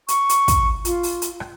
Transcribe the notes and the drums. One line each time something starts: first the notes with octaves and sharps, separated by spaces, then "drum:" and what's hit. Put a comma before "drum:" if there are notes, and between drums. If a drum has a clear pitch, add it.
C#6, drum: hi-hat
drum: hi-hat
drum: kick, hi-hat
F4, drum: hi-hat
drum: open hi-hat
drum: hi-hat
drum: rim click